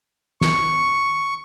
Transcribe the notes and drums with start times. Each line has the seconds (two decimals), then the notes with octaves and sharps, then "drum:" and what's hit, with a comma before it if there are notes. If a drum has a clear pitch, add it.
0.41 C#6, drum: snare